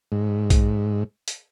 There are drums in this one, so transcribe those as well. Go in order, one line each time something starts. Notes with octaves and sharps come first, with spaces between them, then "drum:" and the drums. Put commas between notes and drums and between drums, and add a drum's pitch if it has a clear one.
G#2
drum: kick B1, hi-hat
drum: hi-hat